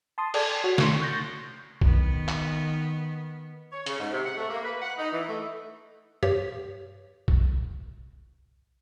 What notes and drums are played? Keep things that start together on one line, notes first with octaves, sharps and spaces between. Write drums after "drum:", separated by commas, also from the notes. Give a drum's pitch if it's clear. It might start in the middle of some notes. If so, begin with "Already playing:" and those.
A5 C6 D#6
G#4 A4 D5 G5 A5, drum: cymbal
F#4 C#5
C6 C#6 C7, drum: snare
C#6 F#6 G6 A6 A#6
D#3 B3, drum: kick A#1
drum: clap
C#5
C#3, drum: hi-hat
G#2
C3
F#5
A3
A#3
B4
F#5
D#4
E3
A3
G2 G4 C#5
drum: kick A#1